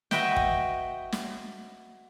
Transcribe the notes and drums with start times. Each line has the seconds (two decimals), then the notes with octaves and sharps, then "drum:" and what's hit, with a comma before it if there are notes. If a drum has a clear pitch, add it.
0.11 F#4 B4 D#5 E5 G5, drum: snare
0.36 drum: kick
1.12 drum: snare